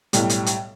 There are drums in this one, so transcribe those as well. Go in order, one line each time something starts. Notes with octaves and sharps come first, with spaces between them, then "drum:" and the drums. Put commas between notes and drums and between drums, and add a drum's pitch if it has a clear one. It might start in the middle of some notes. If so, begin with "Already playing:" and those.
B1 A2 G3, drum: hi-hat
drum: hi-hat
drum: hi-hat